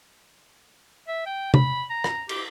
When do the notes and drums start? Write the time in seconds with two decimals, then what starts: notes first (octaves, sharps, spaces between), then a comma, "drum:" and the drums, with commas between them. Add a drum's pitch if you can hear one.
1.08 E5
1.26 G5
1.54 B5, drum: tom C3
1.90 A#5
2.04 drum: rim click
2.29 G4, drum: cymbal